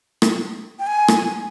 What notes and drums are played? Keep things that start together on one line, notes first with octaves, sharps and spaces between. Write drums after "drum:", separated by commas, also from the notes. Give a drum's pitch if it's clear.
drum: rim click
G5
G#5
drum: rim click